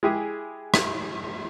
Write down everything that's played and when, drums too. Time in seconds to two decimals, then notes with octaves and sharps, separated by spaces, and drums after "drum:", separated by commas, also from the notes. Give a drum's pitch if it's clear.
0.03 G#3 E4 G4 G#4
0.74 drum: rim click